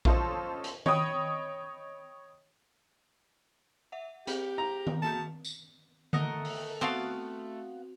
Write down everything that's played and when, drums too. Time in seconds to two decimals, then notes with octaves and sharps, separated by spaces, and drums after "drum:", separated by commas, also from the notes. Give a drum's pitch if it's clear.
0.05 C#4 F4 A4 C5 D#5, drum: kick A#1
0.64 drum: hi-hat
0.86 C#5 D#5 G5 B5 D#6, drum: tom D#3
3.92 E5 F#5
4.27 C4 G4 G#4 C5, drum: hi-hat
4.58 A#5
4.87 drum: tom D#3
5.02 A#3 F#4 G#4 A5
5.45 drum: tambourine
6.13 A3 A#4 D#5 F#5, drum: tom D3
6.45 drum: open hi-hat
6.81 B3 C4 F#4 F5 A5 C6